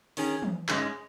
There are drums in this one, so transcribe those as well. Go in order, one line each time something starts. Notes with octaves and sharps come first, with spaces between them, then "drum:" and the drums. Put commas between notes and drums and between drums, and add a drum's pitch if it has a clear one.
D#3 C#4 G#4, drum: open hi-hat
drum: tom E3
G#2 G#3 C#4 G#4, drum: clap